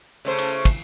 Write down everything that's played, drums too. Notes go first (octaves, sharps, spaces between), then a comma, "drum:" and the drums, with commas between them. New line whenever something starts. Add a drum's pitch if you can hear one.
C#3 A3 C5
drum: cymbal
drum: kick, cymbal